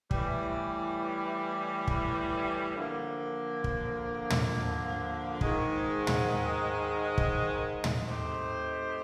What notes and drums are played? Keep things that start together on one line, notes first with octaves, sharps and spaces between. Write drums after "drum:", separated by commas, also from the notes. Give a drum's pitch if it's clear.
A2 E3 G3, drum: kick
drum: kick
D3 F3 A#3
drum: kick
drum: tom
G#2 D#3 G#3, drum: kick
drum: tom
drum: kick
drum: tom
A3 C4 D#4 G4 C5